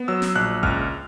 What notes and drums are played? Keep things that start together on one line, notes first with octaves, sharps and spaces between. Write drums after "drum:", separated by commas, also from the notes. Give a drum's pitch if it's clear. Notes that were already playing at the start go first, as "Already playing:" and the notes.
Already playing: B3
F#3 E6
drum: snare
A#1 F#6
C#2 F6, drum: kick G#1